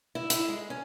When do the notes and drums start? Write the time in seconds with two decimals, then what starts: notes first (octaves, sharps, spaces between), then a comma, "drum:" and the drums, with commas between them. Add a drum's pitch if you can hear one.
0.15 E4
0.30 E4, drum: hi-hat
0.48 G#3
0.70 C#4